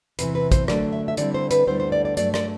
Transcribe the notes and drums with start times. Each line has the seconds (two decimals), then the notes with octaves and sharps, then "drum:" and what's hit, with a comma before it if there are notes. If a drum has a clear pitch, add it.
0.19 E2 C3 E3 B4, drum: hi-hat
0.35 B4
0.52 C5, drum: kick, hi-hat
0.68 D3 F#3 A3 D4 D5, drum: rim click
0.93 E5
1.08 E5
1.17 D3 G3 C4 E4 D5, drum: hi-hat
1.34 C5
1.51 B4, drum: hi-hat
1.67 D2 D3 G3 B3 E4 C5
1.80 C5
1.92 D5
2.05 D5
2.17 G2 F#3 A3 D4 D5, drum: hi-hat
2.34 D5, drum: rim click